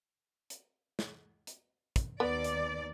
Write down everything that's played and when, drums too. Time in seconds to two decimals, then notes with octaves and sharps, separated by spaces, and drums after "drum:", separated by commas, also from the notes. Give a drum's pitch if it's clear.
0.50 drum: hi-hat
0.99 drum: snare
1.47 drum: hi-hat
1.96 drum: kick, hi-hat
2.20 D#2 B3 D5
2.44 drum: hi-hat